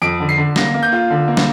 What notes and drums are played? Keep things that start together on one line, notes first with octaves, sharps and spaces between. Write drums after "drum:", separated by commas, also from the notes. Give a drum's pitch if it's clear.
F2 D7
D3
C7
D3
A#3 A#6, drum: snare
A#3
G6
F4
D3
A#3
drum: snare